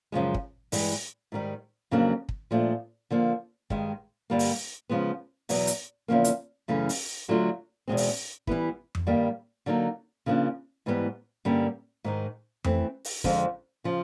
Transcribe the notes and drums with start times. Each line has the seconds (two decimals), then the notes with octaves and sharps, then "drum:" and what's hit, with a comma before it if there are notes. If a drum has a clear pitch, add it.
0.12 F#2 C#3 F3 G#3
0.34 drum: kick
0.72 G2 E3 G#3, drum: open hi-hat
1.32 G#2 D#3 G3
1.91 F2 C#3 F#3 A#3 D4
2.29 drum: kick
2.51 A#2 F3 A3 D4
3.11 D3 F3 A#3
3.70 G2 D#3 G#3, drum: kick
4.30 G2 D3 G3 A#3
4.39 drum: open hi-hat
4.89 C#3 F3 G#3 B3
5.49 E2 B2 F#3 B3, drum: open hi-hat
5.67 drum: hi-hat
6.08 E2 C#3 F3 A#3
6.24 drum: hi-hat
6.68 F#2 C#3 E3 A3 C#4
6.89 drum: open hi-hat
7.28 D3 F#3 A3 D4 F4
7.88 E2 B2 G#3 C4
7.97 drum: open hi-hat
8.47 E3 G3 B3 E4, drum: kick
8.95 drum: tom F2
9.07 G2 D#3 G3 A#3
9.66 D3 F#3 A#3 D#4
10.26 C#3 F3 A#3 D4
10.86 G#2 E3 G3 B3
11.45 G2 D3 G3 A#3 C#4
12.04 G#2 D#3 G#3
12.64 E3 A3 C4, drum: tom F2
13.04 drum: open hi-hat
13.24 F2 D3 F3 G#3 C4, drum: kick
13.84 C#3 F3